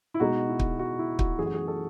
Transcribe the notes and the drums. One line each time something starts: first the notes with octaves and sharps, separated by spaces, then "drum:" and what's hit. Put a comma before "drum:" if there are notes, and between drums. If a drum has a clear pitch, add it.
E4
B2 G#3 D#4 F#4
E4
drum: kick
F#4
E4
F#4, drum: kick
F#2 E3 A3 G#4
F#4
G#4
A4